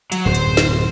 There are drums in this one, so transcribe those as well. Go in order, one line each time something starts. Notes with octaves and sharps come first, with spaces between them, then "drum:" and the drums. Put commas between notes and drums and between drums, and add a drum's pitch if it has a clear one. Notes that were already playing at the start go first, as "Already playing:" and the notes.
F#3, drum: hi-hat
D1 F#2 C5
drum: hi-hat
drum: snare